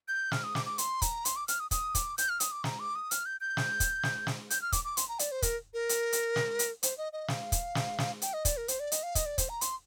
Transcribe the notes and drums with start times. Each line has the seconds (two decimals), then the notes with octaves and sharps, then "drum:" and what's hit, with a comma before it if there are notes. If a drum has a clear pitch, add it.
0.08 G6
0.31 F6, drum: snare
0.44 D#6
0.55 D6, drum: snare
0.66 D6
0.78 C6, drum: hi-hat
1.02 A#5, drum: kick, hi-hat
1.25 C6, drum: hi-hat
1.36 D6
1.48 F6, drum: hi-hat
1.60 D#6
1.71 D#6, drum: kick, hi-hat
1.95 D6, drum: kick, hi-hat
2.18 G6, drum: hi-hat
2.29 F6
2.40 D#6, drum: hi-hat
2.52 D6
2.64 A#5, drum: snare
2.80 D6
2.95 D#6
3.11 F6, drum: hi-hat
3.26 G6
3.41 G6
3.57 drum: snare
3.80 drum: kick, hi-hat
4.03 drum: snare
4.27 drum: snare
4.50 G6, drum: hi-hat
4.62 F6
4.72 D6, drum: kick, hi-hat
4.84 D6
4.97 C6, drum: hi-hat
5.09 A#5
5.19 D5, drum: hi-hat
5.32 C5
5.42 A#4, drum: kick, hi-hat
5.74 A#4
5.89 drum: hi-hat
6.13 drum: hi-hat
6.36 drum: snare
6.59 drum: hi-hat
6.83 C5, drum: hi-hat
6.98 D#5
7.13 D#5
7.28 F5, drum: snare
7.52 drum: kick, hi-hat
7.75 drum: snare
7.98 drum: snare
8.22 G5, drum: hi-hat
8.33 D#5
8.45 D5, drum: kick, hi-hat
8.57 A#4
8.68 C5, drum: hi-hat
8.80 D5
8.92 D#5, drum: hi-hat
9.03 F5
9.15 D#5, drum: kick, hi-hat
9.26 D5
9.38 C5, drum: kick, hi-hat
9.49 A#5
9.61 C6, drum: hi-hat